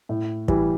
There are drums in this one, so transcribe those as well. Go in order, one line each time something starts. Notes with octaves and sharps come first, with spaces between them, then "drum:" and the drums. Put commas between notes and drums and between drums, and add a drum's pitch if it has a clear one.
A2
E3 G3, drum: kick